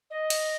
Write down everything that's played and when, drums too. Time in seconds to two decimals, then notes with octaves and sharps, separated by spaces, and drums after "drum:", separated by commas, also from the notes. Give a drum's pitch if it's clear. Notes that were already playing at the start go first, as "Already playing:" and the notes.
0.10 D#5
0.30 drum: cymbal